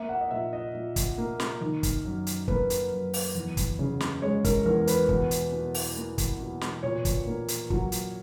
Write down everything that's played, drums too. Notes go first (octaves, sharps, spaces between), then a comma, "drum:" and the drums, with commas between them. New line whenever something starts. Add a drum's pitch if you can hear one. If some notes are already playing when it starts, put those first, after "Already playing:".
Already playing: A#3 E5
F#5
D#5
A#2 E5
D#5
A#2
drum: kick, hi-hat
A#3
drum: snare
D#3
drum: kick, hi-hat
F#2
drum: hi-hat
A#3 B4, drum: kick
drum: hi-hat
F#2
drum: open hi-hat
E2
drum: kick, hi-hat
C#3
drum: snare
G#3 C#5
A#4, drum: kick, hi-hat
E2 A#4
B4, drum: hi-hat
B2, drum: kick
drum: hi-hat
B2
drum: open hi-hat
A#3
drum: kick, hi-hat
B2
drum: snare
A#2 C#5
drum: kick, hi-hat
A#3
drum: hi-hat
F#3, drum: kick
drum: hi-hat